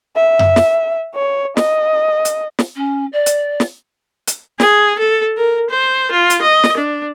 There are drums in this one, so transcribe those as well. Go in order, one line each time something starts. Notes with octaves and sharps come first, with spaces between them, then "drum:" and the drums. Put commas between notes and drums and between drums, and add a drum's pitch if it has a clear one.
E5
drum: tom F#2
drum: snare
C#5
D#5, drum: snare
drum: hi-hat
drum: snare
C#4
D5
drum: hi-hat
drum: snare
drum: hi-hat
G#4, drum: snare
A4
A#4
C5
F4
drum: hi-hat
D#5
drum: snare
D4